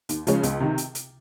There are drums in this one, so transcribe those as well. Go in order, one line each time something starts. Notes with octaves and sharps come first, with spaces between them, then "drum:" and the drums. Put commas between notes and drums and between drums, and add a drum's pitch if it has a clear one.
D#2, drum: hi-hat
C#3 F3 G#3 C#4, drum: hi-hat
C#2, drum: hi-hat
C3 D#3
drum: hi-hat
drum: hi-hat